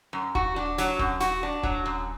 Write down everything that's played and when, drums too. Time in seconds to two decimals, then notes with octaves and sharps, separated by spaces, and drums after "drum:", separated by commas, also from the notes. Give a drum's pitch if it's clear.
0.13 F#2
0.35 F#4, drum: kick D#1
0.56 D4
0.78 F#3, drum: snare
0.99 F#2, drum: kick D#1
1.20 F#4, drum: snare
1.43 D4
1.63 F#3, drum: kick D#1
1.86 F#2